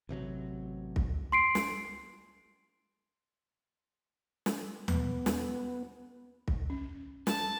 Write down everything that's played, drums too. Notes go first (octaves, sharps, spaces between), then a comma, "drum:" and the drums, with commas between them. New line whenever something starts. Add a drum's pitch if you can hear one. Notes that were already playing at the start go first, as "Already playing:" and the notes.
A1 C3 F3 F#3
drum: kick
C6 C7 D7
drum: snare
drum: snare
B3, drum: tom D#2
drum: snare
drum: kick
C#4
A5, drum: snare